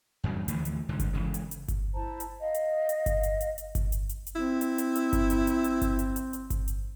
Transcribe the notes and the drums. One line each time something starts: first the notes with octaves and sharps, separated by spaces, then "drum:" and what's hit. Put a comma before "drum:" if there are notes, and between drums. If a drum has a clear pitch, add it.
E2 G2 C#3 F#3
D2 A2 E3 F3, drum: hi-hat
drum: hi-hat
C2 G#2 D3 F3
drum: kick G1, hi-hat
C#3 E3 G#3
drum: hi-hat
drum: hi-hat
drum: kick G1, hi-hat
E4 C5 A5 A#5
drum: hi-hat
D#5 F5
drum: hi-hat
drum: hi-hat
drum: kick G1, hi-hat
drum: hi-hat
drum: hi-hat
drum: hi-hat
drum: kick G1, hi-hat
drum: hi-hat
drum: hi-hat
drum: hi-hat
C4 E4
drum: hi-hat
drum: hi-hat
drum: hi-hat
drum: kick G1, hi-hat
drum: hi-hat
drum: hi-hat
drum: hi-hat
drum: kick G1, hi-hat
drum: hi-hat
drum: hi-hat
drum: hi-hat
drum: kick G1, hi-hat
drum: hi-hat